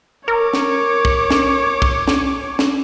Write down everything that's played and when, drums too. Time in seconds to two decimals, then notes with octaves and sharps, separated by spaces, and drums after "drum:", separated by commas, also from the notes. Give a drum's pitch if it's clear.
0.28 A#4 C#5 D6
0.53 drum: snare
1.05 drum: kick
1.30 drum: snare
1.82 drum: kick
2.08 drum: snare
2.59 drum: snare